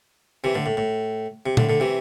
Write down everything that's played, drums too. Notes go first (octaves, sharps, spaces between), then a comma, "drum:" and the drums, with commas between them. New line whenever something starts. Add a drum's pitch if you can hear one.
C3 E3
A2 D3
A2
A2
C3
A2 D3, drum: tom A#2
A2 D3
C3 E3